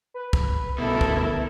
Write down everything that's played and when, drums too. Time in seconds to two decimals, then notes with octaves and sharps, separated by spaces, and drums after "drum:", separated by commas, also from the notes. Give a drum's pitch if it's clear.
0.14 B4
0.33 drum: kick
0.78 D2 B2 E4 A4 A#4
1.01 drum: kick